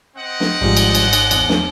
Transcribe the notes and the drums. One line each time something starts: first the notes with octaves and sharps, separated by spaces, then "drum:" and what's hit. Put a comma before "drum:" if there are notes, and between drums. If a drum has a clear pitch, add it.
C4 D#5 F#5
drum: snare
G#1 G#2 F3 G3
drum: cymbal
drum: cymbal
drum: cymbal
E2, drum: cymbal
drum: snare